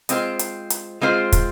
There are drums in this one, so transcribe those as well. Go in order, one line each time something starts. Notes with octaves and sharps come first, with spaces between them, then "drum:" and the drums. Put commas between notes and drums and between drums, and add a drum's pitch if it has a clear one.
G#3 C4 F4 C5, drum: hi-hat
drum: hi-hat
drum: hi-hat
G#3 C4 F4 C5
drum: kick, hi-hat